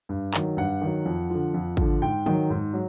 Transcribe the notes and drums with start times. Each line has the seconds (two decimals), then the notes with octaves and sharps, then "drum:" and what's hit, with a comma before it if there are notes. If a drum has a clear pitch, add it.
0.09 G2
0.34 D#3 F#3, drum: clap
0.57 G2 F#5
0.81 D#3 F#3
1.05 F2
1.30 D3 F3
1.54 F2
1.77 D3 F3, drum: kick G#1
2.02 G#2 G5
2.26 D#3 F#3, drum: tom
2.50 G#2
2.73 F#3